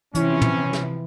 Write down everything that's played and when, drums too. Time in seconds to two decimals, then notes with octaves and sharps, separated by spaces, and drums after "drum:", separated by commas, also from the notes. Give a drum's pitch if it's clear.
0.15 C3 E3 F3 C#4 E4, drum: hi-hat
0.42 drum: tom
0.73 drum: snare